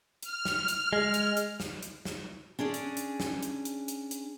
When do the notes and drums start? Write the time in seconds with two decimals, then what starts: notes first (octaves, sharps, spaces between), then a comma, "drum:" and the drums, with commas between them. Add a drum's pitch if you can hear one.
0.23 F6, drum: hi-hat
0.45 drum: snare
0.68 drum: hi-hat
0.93 G#3
1.14 drum: hi-hat
1.37 drum: hi-hat
1.60 drum: snare
1.83 drum: hi-hat
2.05 drum: snare
2.59 C#4 D4 G#4 D5
2.74 drum: hi-hat
2.97 drum: hi-hat
3.20 drum: snare
3.43 drum: hi-hat
3.65 drum: hi-hat
3.88 drum: hi-hat
4.11 drum: hi-hat